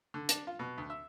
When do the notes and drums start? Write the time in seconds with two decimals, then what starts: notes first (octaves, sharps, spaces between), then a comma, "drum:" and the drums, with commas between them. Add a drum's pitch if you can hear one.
0.14 D3
0.29 D4, drum: hi-hat
0.47 F4
0.59 B2
0.78 D2
0.90 E5